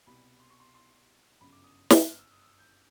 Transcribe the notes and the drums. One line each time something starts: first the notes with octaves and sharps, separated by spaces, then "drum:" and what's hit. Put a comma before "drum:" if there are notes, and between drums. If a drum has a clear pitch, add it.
C2 B2 G3 B5
C6
C#6
C6
C6
G1 F#2 C#3 B5
D6
D#6
drum: snare
F#6
F6
E6
D#6
E6
G6